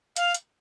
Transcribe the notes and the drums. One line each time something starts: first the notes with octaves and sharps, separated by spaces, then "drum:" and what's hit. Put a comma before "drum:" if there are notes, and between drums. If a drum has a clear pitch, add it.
F5, drum: hi-hat
drum: hi-hat